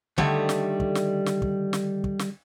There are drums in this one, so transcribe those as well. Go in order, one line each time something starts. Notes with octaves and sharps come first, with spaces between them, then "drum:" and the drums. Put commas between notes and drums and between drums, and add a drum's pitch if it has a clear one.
D3 D#3 G3 A3, drum: kick
drum: snare
drum: kick
drum: snare
drum: snare
drum: kick
drum: snare
drum: kick
drum: snare